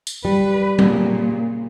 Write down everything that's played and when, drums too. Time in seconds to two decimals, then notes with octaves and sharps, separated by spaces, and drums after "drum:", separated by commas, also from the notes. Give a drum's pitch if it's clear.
0.07 drum: tambourine
0.25 G3 B4
0.79 A#2 C#3, drum: tom F#3